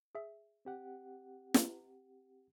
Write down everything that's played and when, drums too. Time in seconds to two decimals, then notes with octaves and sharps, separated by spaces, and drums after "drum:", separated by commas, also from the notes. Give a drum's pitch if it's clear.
0.15 G#4 E5
0.65 C4 G4 F#5
1.54 drum: snare